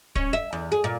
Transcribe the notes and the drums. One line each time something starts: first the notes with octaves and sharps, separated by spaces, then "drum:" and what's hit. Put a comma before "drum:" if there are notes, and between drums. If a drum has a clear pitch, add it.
C#4, drum: kick
E5
E2
G#4
A#2